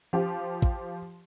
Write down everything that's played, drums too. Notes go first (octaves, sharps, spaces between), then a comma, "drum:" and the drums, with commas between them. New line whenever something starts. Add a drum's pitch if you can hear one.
F3 G4
drum: kick